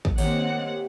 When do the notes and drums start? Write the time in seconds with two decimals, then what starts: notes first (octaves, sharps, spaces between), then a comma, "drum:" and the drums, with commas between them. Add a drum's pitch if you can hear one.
0.05 drum: kick
0.18 D#3 A#3 C4 G4 C#5 F#5, drum: open hi-hat